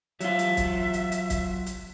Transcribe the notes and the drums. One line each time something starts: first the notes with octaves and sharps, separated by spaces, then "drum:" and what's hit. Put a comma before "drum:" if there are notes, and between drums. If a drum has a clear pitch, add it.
F#3 F4 E5, drum: hi-hat
drum: hi-hat
drum: kick, hi-hat
drum: hi-hat
drum: hi-hat
drum: kick, hi-hat
drum: hi-hat